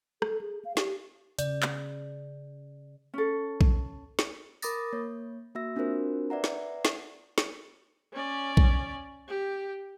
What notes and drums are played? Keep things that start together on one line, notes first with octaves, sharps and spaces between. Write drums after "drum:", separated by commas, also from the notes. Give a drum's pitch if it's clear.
A4, drum: rim click
G#4
F5
G4, drum: snare
C#3 D5, drum: hi-hat
drum: clap
C#4 A4
drum: kick A#1
drum: snare
A#4 B5 D6 D#6 A6 A#6, drum: tambourine
A#3 C#5
A#3 F#4 E5 E6 A#6
C4 D4 F4 F#4 A#4 C5
B4 D5 E5 F#5 A#5
drum: snare
drum: snare
drum: snare
C#4 D5
drum: kick A#1
G4